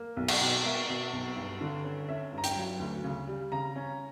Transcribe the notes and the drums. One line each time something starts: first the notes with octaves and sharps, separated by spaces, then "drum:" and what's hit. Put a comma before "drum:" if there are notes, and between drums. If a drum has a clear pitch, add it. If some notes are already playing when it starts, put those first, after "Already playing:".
Already playing: A#3
B1
F#5, drum: cymbal
B2
A#3 E5
B2
B1
G2
D3
C#4
C#4 E5
G2
A#5
G5, drum: hi-hat
F#3
D2
C#3
G3
C#3 A#5
C#4